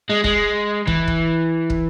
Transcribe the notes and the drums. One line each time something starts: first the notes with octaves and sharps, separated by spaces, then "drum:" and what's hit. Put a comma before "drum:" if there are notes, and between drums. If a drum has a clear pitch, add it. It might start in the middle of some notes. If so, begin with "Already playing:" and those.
G#3
G#3, drum: kick
E3, drum: kick
drum: kick
drum: kick